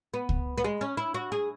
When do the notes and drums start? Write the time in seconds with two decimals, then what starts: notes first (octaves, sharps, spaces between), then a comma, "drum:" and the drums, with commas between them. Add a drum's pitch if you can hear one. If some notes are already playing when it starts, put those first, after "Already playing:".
0.14 B3
0.29 drum: kick C#2
0.58 B3
0.64 G#3
0.81 C#4
0.97 E4
1.14 F#4
1.32 G#4